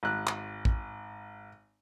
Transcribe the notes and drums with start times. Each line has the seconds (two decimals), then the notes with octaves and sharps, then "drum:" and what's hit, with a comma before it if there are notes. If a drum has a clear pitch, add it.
0.03 G#1 F#6
0.27 drum: clap
0.65 drum: kick